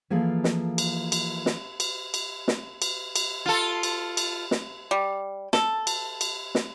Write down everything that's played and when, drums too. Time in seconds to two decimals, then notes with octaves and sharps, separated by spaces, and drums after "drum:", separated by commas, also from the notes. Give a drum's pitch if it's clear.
0.10 E3 F3 A#3 G#4 A4
0.44 drum: snare
0.78 drum: cymbal
1.12 drum: cymbal
1.46 drum: snare
1.80 drum: cymbal
2.14 drum: cymbal
2.48 drum: snare
2.82 drum: cymbal
3.16 drum: cymbal
3.46 F4 A4
3.83 drum: cymbal
4.17 drum: cymbal
4.51 drum: snare
4.91 G3
5.53 A4, drum: snare
5.87 drum: cymbal
6.21 drum: cymbal
6.55 drum: snare